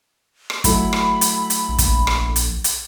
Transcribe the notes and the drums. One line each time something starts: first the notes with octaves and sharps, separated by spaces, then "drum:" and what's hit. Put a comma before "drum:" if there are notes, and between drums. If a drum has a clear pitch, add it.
drum: rim click
F#3 A3 E4 B5, drum: kick, hi-hat
drum: rim click
drum: hi-hat
drum: hi-hat
A#1
drum: kick, hi-hat
drum: rim click
drum: hi-hat
drum: hi-hat